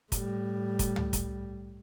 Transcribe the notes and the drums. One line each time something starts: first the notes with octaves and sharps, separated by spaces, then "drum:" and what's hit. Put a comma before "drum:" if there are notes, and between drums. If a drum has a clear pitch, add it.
A2 G3, drum: kick, hi-hat
drum: kick, hi-hat
drum: tom C#2
drum: kick, hi-hat